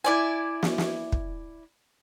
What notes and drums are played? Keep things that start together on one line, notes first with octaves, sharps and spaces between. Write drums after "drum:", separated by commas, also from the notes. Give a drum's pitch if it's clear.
E4 D5 G#5
drum: snare
drum: snare
drum: kick